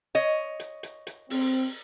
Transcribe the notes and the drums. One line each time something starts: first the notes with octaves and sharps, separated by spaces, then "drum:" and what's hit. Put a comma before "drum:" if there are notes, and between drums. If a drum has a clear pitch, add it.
C#5 D#5
drum: hi-hat
drum: hi-hat
drum: hi-hat
C4, drum: open hi-hat